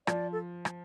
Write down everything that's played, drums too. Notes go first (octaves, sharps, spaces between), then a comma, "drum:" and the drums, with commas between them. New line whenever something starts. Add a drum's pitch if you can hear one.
F3 D5, drum: rim click
A4
drum: rim click